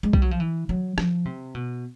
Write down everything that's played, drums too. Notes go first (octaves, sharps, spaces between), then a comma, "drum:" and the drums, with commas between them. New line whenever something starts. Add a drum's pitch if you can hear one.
G#3
G3, drum: kick B1
F#3
F3
E3
F#3
F3, drum: rim click
C3
B2